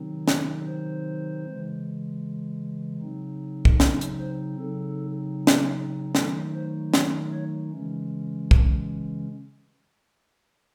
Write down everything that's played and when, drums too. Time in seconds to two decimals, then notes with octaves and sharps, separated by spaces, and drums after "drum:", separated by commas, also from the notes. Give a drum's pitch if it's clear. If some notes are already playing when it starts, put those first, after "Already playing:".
Already playing: C3 D#3 F#3 C4 D#4
0.28 C#5, drum: snare
0.67 C5
1.45 C#3 E3 G#3
3.01 C#3 F#3 C4 D#4
3.65 drum: kick
3.80 A4, drum: snare
4.01 drum: hi-hat
4.20 C5
4.59 C#3 F#3 C4 D#4 A4
5.47 drum: snare
6.15 D#3 F#3 A3 D#4 A4, drum: snare
6.54 C5
6.94 C#5, drum: snare
7.33 C#5
7.71 C#3 E3 G#3 C#4
8.51 drum: kick